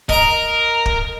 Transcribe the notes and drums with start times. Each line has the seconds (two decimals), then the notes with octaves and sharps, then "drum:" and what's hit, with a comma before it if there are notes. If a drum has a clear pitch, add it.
0.09 A#4 D#5 A#5, drum: kick
0.86 drum: kick